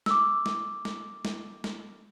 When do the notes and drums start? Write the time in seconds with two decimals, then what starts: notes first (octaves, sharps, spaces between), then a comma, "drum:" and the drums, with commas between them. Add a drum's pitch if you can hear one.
0.06 D6 E6, drum: snare
0.46 drum: snare
0.85 drum: snare
1.25 drum: snare
1.64 drum: snare